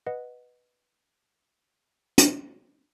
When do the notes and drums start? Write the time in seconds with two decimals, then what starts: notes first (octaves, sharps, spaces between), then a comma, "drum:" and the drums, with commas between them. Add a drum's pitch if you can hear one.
0.06 B4 D#5 F#5
2.18 drum: hi-hat